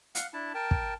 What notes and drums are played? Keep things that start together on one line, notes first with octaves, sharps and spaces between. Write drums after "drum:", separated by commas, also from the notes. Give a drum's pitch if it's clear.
F5 F#5, drum: hi-hat
D4 E4 A5
A#4 G5 A5
drum: kick